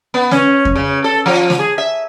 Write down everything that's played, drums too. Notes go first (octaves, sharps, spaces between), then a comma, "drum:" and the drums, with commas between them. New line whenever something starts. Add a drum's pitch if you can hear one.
B3
C#4, drum: snare
drum: kick F2
C#3
A4
F3
drum: snare
G#4
E5